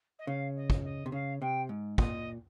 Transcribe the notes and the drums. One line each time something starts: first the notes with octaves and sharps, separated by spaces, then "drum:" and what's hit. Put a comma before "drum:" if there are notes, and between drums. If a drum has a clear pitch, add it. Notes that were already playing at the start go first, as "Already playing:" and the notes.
D#5
C#3 F5
D#5
drum: kick
D#5
C3
C#3 F5
C3 G5
G#2
A#2 D#5, drum: kick